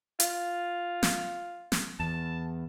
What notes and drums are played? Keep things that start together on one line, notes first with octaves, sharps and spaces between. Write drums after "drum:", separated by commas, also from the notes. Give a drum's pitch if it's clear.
F4, drum: hi-hat
drum: snare
drum: snare
E2 A5